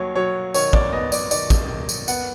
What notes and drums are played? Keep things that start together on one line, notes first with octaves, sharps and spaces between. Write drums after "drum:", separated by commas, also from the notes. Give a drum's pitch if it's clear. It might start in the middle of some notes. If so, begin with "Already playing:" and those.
Already playing: D#2 F#3 C#5
F#3 C#5
D#3 C#5, drum: tambourine
D5, drum: kick
B3 D#5
D5, drum: tambourine
D#3 D5, drum: tambourine
drum: kick, tambourine
D#3
drum: tambourine
B3 F#5, drum: tambourine